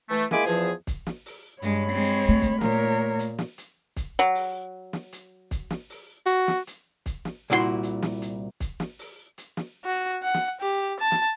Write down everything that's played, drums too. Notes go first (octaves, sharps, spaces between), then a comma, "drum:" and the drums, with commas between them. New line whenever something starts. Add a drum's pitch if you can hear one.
E3 A3
G#3 A#3 E4 G#5 B5 D6, drum: snare
E2 F3 G#4, drum: hi-hat
drum: kick, hi-hat
drum: snare
drum: open hi-hat
G2 G#3 C#5 B5, drum: hi-hat
G#3 C4
drum: hi-hat
A3
drum: kick, hi-hat
A#2 A#4 C#5, drum: snare
drum: hi-hat
drum: snare
drum: hi-hat
drum: kick, hi-hat
F#3
drum: open hi-hat
drum: snare
drum: hi-hat
drum: kick, hi-hat
drum: snare
drum: open hi-hat
F#4, drum: hi-hat
drum: snare
drum: hi-hat
drum: kick, hi-hat
drum: snare
C2 A#2 E4 F#4 G#4 C6
drum: hi-hat
drum: snare
drum: hi-hat
drum: kick, hi-hat
drum: snare
drum: open hi-hat
drum: hi-hat
drum: snare
F#4
F#5
drum: snare
G4
A5
drum: snare